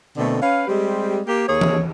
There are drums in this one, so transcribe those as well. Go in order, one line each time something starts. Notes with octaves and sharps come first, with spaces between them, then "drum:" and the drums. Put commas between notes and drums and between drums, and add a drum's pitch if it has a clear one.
B2 D3 A3 A#3 C4
C#4 B4 F5
G3 G#3 C4 G4
A#3 G4
D#2 A#3 G#4 C#5
drum: tom E3